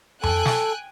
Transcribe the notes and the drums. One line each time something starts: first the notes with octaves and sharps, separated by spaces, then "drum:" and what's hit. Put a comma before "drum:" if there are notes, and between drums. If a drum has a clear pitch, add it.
A4 G5 G#5 F#6, drum: tom F2
drum: snare